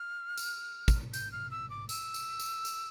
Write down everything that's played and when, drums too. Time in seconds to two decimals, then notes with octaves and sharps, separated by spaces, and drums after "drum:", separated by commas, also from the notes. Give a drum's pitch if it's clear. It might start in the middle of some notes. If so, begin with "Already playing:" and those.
Already playing: F6
0.37 drum: tambourine
0.88 drum: kick, tambourine
1.13 G6, drum: tambourine
1.32 F6
1.51 E6
1.70 D6
1.89 E6, drum: tambourine
2.14 drum: tambourine
2.40 drum: tambourine
2.65 drum: tambourine